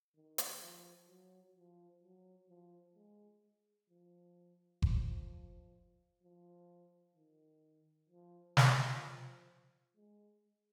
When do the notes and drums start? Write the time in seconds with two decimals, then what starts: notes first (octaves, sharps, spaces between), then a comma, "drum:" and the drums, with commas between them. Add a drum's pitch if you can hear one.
0.15 D#3
0.38 drum: hi-hat
0.61 F3
1.08 F#3
1.56 F3
2.03 F#3
2.48 F3
2.96 G#3
3.90 F3
4.82 F3, drum: kick F#1
6.23 F3
7.16 D#3
8.10 F3
8.57 F3, drum: snare
9.96 G#3